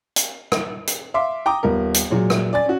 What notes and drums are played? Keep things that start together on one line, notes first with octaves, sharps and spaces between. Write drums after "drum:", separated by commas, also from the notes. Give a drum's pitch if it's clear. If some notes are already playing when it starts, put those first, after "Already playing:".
drum: hi-hat
drum: rim click
drum: hi-hat
E5 F5 C6 D6
G5 A#5 D6 D#6
D#1 B3 A#4
drum: hi-hat
A#2 F#3 G#3
drum: rim click
D5 G#5 A6
C#4 F#4